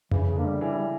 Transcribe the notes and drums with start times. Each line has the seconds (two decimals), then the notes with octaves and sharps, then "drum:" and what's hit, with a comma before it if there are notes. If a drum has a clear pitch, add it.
0.11 C#3 E3, drum: tom F2
0.29 C#3
0.36 D3 A#3
0.45 G3
0.61 E3 G3
0.78 G3